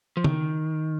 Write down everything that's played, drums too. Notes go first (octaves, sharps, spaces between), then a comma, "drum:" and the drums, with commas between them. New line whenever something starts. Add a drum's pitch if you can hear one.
F3
D#3, drum: tom C#3